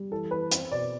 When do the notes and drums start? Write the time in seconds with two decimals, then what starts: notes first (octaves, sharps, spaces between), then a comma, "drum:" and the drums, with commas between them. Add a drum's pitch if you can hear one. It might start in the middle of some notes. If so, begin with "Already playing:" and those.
Already playing: G3
0.11 E3 A4
0.31 E3 B4
0.51 C4 C5, drum: hi-hat
0.71 B2 D5